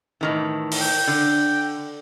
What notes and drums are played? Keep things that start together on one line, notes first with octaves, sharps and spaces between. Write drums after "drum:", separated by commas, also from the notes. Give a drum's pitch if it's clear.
A2 D#3 E3
drum: open hi-hat
G5
D3